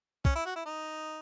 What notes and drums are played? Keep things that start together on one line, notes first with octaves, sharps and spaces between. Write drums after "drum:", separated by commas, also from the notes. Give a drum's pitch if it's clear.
C#4, drum: kick
E4
F#4
E4
D#4